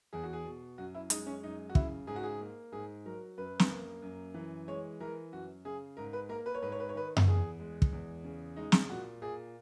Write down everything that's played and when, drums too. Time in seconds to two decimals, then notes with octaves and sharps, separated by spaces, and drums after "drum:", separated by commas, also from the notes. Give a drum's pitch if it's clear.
0.13 E2 G#4
0.24 F#4
0.33 G#4
0.45 B2
0.78 F#2 F#4
0.95 E4
1.10 G#3 D#4, drum: hi-hat
1.27 C#4
1.43 F#2 D#4
1.69 F#4
1.75 C#3 E4, drum: kick
2.07 G#2 G#4
2.16 F#4
2.23 G#4
2.41 A#3
2.72 G#2 G#4
3.06 F#3 A#4
3.38 F#2 B4
3.59 drum: snare
3.70 A#3
4.02 F#2
4.34 E3
4.68 G#3 C#5
5.00 E3 A#4
5.32 F#2 F#4
5.65 C#3 G#4
5.97 G#2 A#4
6.13 B4
6.29 A#3 A#4
6.46 B4
6.55 C#5
6.62 G#2 B4
6.72 C#5
6.80 B4
6.89 C#5
6.95 D#3 B4
7.17 drum: tom F#2
7.27 E2 G#4
7.60 G#3
7.82 drum: kick
7.93 E2
8.24 C#3
8.56 G#3 D#4
8.72 drum: snare
8.89 A#2 F#4
9.21 A#2 G#4